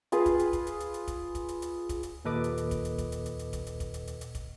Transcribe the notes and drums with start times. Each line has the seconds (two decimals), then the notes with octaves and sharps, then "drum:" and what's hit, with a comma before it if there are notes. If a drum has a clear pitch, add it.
0.12 F4 G#4 B4 F5, drum: hi-hat
0.26 drum: kick, hi-hat
0.39 drum: hi-hat
0.53 drum: kick, hi-hat
0.67 drum: hi-hat
0.80 drum: hi-hat
0.94 drum: hi-hat
1.08 drum: kick, hi-hat
1.35 drum: kick, hi-hat
1.48 drum: hi-hat
1.62 drum: hi-hat
1.89 drum: kick, hi-hat
2.03 drum: hi-hat
2.25 D#2 A#2 A4 B4 D#5 D6
2.44 drum: hi-hat
2.57 drum: hi-hat
2.71 drum: kick, hi-hat
2.85 drum: hi-hat
2.98 drum: kick, hi-hat
3.12 drum: hi-hat
3.26 drum: hi-hat
3.39 drum: hi-hat
3.53 drum: kick, hi-hat
3.67 drum: hi-hat
3.80 drum: kick, hi-hat
3.94 drum: hi-hat
4.07 drum: hi-hat
4.21 drum: hi-hat
4.35 drum: kick, hi-hat